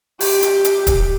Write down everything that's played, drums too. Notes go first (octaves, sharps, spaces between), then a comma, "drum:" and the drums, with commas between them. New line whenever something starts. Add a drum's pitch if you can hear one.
G4, drum: open hi-hat
drum: hi-hat
drum: hi-hat
drum: kick, hi-hat